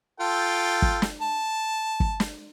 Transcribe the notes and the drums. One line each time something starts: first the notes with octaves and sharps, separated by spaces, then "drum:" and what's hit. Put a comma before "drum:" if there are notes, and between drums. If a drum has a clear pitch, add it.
F4 A4 G5
drum: kick
drum: snare
A5
drum: kick
drum: snare